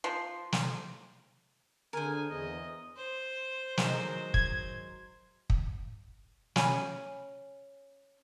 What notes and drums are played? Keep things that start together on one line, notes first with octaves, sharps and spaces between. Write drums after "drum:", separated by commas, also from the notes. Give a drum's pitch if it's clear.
F3
drum: snare
D3 G#4 A#4 C5 G#5
E2 D#5
C5
D#3 F#3 G#3, drum: snare
G#6, drum: kick
drum: kick
C#4 G#5 B5, drum: snare